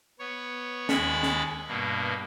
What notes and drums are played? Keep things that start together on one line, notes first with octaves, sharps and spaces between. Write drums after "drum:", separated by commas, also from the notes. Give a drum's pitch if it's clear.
B3 C#5
D#2 G#3 B5 C#6 A6, drum: snare
drum: snare
G2 B2 A#3